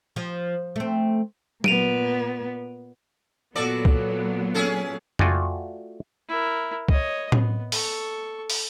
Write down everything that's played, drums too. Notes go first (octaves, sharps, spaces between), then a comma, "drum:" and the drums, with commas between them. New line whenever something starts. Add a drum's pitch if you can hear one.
F3
A3 C4
A#2 B3 D7 D#7 F7, drum: tom F#3
A#2 F#3 B3 F#4 A4 D5
drum: kick C2
C#4 G#4 A4
A3 F4 F#4 D5 G5 G#5, drum: tom F2
E4 A#4
C#5 D#5, drum: kick C2
B3, drum: tom A2
A4 C#6, drum: open hi-hat
drum: open hi-hat